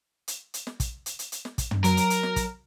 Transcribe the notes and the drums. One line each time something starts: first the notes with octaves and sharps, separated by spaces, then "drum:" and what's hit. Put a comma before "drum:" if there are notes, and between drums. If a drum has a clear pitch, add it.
drum: hi-hat
drum: hi-hat
drum: snare
drum: kick, hi-hat
drum: hi-hat
drum: hi-hat
drum: hi-hat
drum: snare
drum: kick, hi-hat
drum: tom
F#3 A#4, drum: hi-hat
drum: hi-hat
drum: hi-hat
drum: snare
drum: kick, hi-hat